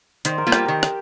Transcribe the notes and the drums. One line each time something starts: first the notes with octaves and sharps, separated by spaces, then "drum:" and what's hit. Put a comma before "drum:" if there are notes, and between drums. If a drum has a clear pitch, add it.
D#3 C5, drum: hi-hat
A#4
G3 A#3 F4
G4, drum: rim click
D#3 A#4
drum: rim click